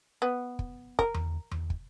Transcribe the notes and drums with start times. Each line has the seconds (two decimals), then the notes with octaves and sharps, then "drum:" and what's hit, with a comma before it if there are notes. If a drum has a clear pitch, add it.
0.22 B3
0.59 drum: kick
0.99 A#4, drum: kick
1.14 drum: tom E2
1.51 drum: tom E2
1.70 drum: kick